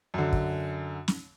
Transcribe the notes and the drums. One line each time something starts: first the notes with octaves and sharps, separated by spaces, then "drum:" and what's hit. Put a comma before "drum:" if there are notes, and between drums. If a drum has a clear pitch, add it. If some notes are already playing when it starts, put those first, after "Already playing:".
F#2 D3
drum: kick
drum: snare